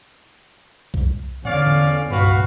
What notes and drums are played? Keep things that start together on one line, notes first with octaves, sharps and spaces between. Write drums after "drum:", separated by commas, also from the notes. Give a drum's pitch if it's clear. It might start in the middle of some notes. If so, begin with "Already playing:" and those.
drum: kick
E2 D3 C#4 D5 F5, drum: tom G#2
C#2 G2 A#2 F#4 B4 F5, drum: tom F#2